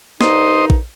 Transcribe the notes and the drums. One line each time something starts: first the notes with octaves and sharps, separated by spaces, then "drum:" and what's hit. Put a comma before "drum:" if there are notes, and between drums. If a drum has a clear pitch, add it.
C2 G2 D#4 C5 D#5, drum: snare
drum: kick